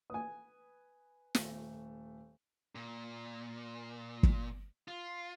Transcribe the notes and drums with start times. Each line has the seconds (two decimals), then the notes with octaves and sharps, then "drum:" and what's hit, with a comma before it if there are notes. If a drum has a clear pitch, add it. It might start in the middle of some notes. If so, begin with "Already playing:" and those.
0.10 B4 G#5 D#6
1.35 D#1 A3, drum: snare
2.75 A#2
4.23 drum: kick
4.88 F4